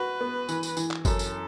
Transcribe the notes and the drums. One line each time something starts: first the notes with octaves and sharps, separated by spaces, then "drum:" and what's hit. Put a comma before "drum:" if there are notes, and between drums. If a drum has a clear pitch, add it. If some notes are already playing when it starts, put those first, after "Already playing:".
Already playing: F#4 B4
B3
E3, drum: tambourine
drum: tambourine
E3, drum: tambourine
drum: clap
F#2 A4, drum: kick G1, tambourine
drum: tambourine